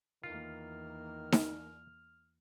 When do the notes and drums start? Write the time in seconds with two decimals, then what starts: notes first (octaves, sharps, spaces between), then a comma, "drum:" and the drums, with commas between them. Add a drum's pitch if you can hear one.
0.23 E2 D#3 A#3 F4 F6
1.32 drum: snare D#4